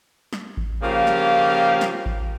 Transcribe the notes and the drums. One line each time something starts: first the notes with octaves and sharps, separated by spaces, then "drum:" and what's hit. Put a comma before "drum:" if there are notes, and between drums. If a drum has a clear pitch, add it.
drum: snare
drum: kick A1
C#3 F3 A#3 G4 F5
drum: snare
drum: snare
drum: kick A1